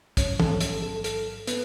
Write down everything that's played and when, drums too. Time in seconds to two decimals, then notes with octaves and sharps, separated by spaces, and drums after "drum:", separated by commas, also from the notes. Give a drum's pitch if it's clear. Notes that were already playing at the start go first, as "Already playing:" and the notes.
0.17 A1 G#2 F#3 C#4 C#5, drum: kick, hi-hat
0.40 A4, drum: tom
0.60 A4, drum: hi-hat
0.82 A4
1.04 A4, drum: hi-hat
1.47 B3 B4, drum: hi-hat